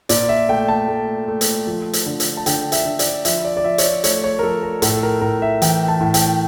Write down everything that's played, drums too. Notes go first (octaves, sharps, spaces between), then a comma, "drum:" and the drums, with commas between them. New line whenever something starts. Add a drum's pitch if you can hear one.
A#2 D5, drum: hi-hat
E5
A3 G5
A5
A3
A3
drum: hi-hat
F3
drum: hi-hat
D3
drum: hi-hat
A5
D3 G5, drum: hi-hat
E5, drum: hi-hat
D3
D5, drum: hi-hat
F3 E5, drum: hi-hat
D5
D5
F3 E5
C#5, drum: hi-hat
D5
A3 C#5, drum: hi-hat
C#5
A#4
F3 A4
A#4
A2 A4, drum: hi-hat
A#4
A2 A#4
E5
E3 G5, drum: hi-hat
A5
A2
G5, drum: hi-hat